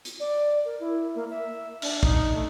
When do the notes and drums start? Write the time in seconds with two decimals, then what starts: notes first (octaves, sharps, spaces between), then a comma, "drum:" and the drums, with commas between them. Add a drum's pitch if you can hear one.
0.05 drum: hi-hat
0.20 D5
0.65 A#4
0.80 E4
1.15 A#3
1.30 E5
1.82 D4, drum: cymbal
2.03 D#4, drum: kick
2.34 A3